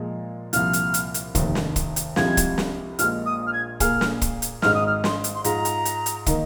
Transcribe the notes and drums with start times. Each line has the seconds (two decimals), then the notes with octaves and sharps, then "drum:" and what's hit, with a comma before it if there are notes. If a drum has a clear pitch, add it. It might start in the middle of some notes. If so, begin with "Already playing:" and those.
Already playing: A#2 F3 G#3
0.53 C2 A#2 F3 F6, drum: hi-hat
0.73 drum: hi-hat
0.94 drum: hi-hat
1.14 drum: hi-hat
1.35 F1 D#2 D#3, drum: kick, hi-hat
1.55 drum: snare
1.76 drum: kick, hi-hat
1.96 drum: hi-hat
2.16 C2 C3 F3 G#3 F4 G#6, drum: snare
2.37 drum: kick, hi-hat
2.58 drum: snare
2.99 A#1 A#2 G#3 F6, drum: hi-hat
3.26 D#6
3.47 F6
3.53 G#6
3.80 A#2 A#3 G#4 F6, drum: kick, hi-hat
4.01 drum: snare
4.22 drum: kick, hi-hat
4.42 drum: hi-hat
4.62 G#1 G#2 G#3 D#4 F6, drum: snare
4.75 D#6
4.87 F6
5.04 C6, drum: snare
5.24 drum: hi-hat
5.35 C6
5.44 G#2 G#3 F4 A#5, drum: hi-hat
5.65 drum: hi-hat
5.85 drum: hi-hat
6.06 drum: hi-hat
6.26 D#3 A#3 D#4, drum: kick, hi-hat